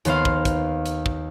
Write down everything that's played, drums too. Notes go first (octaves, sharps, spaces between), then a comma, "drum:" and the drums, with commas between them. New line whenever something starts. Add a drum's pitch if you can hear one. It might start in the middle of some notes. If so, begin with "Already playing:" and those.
D#2 B3 C5 F5, drum: hi-hat
drum: kick
drum: kick, hi-hat
drum: hi-hat
drum: kick